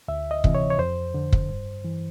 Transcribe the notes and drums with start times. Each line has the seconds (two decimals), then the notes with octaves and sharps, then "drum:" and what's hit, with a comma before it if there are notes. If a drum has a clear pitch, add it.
0.08 D2 E5
0.31 D#5
0.44 C3 E3, drum: kick
0.55 C#5
0.70 C#5
0.78 F2 C5
1.14 D3
1.32 drum: kick
1.49 G2
1.85 E3